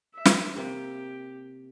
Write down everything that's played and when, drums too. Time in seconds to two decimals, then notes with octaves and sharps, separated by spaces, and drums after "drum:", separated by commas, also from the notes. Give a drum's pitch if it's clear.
0.15 E5
0.26 drum: snare
0.56 C3 A#3 G4